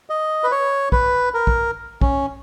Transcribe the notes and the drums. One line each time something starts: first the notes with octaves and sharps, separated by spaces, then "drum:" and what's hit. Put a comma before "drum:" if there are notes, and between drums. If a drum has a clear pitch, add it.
D#5
B4
C#5
B4, drum: kick
A#4
drum: kick
C#4, drum: kick